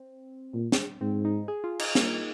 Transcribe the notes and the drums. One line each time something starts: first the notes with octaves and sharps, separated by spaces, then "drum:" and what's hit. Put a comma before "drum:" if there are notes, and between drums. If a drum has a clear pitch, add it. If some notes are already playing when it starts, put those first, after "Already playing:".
Already playing: C4
A#2
drum: snare
G#2 C4
D#4
G#4
F4
D#4, drum: cymbal
A#3, drum: snare